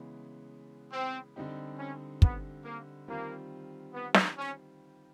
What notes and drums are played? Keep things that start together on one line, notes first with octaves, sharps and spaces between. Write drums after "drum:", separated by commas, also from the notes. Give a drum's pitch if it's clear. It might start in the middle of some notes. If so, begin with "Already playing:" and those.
Already playing: C#3 E3 G#3 B3
C4
D3 G3 C4 D#4 G4
C#4
B3, drum: kick
A#3
D#3 G3 A#3 C4 F4
B3
drum: snare
C#4